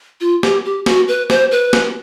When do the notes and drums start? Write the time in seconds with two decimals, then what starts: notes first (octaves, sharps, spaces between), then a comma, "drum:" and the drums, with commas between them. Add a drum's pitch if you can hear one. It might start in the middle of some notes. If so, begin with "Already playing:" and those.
0.21 F4
0.43 G4, drum: snare
0.65 G4
0.86 F#4, drum: snare
1.08 B4
1.30 C5, drum: snare
1.51 B4
1.73 drum: snare